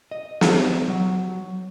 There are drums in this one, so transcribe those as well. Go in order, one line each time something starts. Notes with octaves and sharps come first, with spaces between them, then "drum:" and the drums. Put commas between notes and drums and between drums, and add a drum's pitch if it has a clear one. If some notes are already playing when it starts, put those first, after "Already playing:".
D#5
drum: snare
F#3